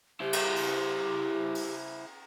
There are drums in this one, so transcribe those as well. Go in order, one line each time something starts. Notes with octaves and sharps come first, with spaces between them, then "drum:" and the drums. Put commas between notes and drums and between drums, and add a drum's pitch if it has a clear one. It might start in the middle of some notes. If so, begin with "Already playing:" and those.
E4 G4 C5
drum: cymbal
drum: open hi-hat
drum: open hi-hat